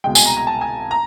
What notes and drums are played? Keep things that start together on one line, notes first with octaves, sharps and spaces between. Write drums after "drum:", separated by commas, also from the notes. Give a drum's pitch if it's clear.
C2 B2 G#3 G5
G#5, drum: tambourine
A#5
A#5
A5
G#5
A#5